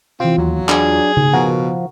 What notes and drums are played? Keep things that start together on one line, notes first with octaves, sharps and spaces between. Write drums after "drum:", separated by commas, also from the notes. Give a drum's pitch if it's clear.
E2 C3 C4 F4
D#2 F#3
D4 G#4, drum: clap
drum: tom C#3
B2 F3 F#4 A#4